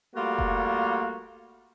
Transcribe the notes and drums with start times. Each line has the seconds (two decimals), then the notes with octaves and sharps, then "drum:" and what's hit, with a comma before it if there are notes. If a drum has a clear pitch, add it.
0.15 G3 A3 A#3 F4 F#4
0.39 drum: kick F1